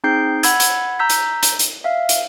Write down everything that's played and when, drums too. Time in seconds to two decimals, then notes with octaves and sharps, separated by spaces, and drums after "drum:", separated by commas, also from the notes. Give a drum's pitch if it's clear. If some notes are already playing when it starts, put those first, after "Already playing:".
0.04 C4 D#4 G#4 G5 G6 C7
0.43 F#5 B5 E6 G#6, drum: hi-hat
0.60 drum: hi-hat
0.99 A#5 E6 G6 B6
1.10 drum: hi-hat
1.43 drum: hi-hat
1.59 drum: hi-hat
1.84 E5 F5
2.09 drum: hi-hat